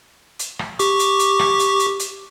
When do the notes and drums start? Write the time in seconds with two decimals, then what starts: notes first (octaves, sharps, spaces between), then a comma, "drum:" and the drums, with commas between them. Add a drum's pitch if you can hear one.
0.39 drum: hi-hat
0.59 drum: rim click
0.79 G4 C#6 D6, drum: hi-hat
0.99 drum: hi-hat
1.19 drum: hi-hat
1.39 drum: rim click
1.59 drum: hi-hat
1.79 drum: hi-hat
1.99 drum: hi-hat